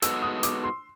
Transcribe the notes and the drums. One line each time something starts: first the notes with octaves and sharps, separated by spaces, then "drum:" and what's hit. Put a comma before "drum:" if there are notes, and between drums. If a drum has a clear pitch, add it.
G#3 B3 D#4 F#4 A4 E6, drum: hi-hat
D#6
D6, drum: hi-hat
C6